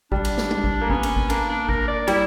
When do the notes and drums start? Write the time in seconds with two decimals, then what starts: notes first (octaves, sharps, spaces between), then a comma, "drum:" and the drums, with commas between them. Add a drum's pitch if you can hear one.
0.12 G3 D4, drum: kick G#1
0.25 drum: cymbal
0.38 drum: snare
0.51 drum: tom G3
0.64 drum: kick G#1
0.81 A#3
0.90 B3 C#4, drum: kick G#1
1.03 drum: cymbal
1.16 drum: kick G#1
1.30 A#3 D4, drum: cymbal
1.49 D4
1.69 A#4, drum: kick G#1
1.88 D5
2.08 G3 E4, drum: cymbal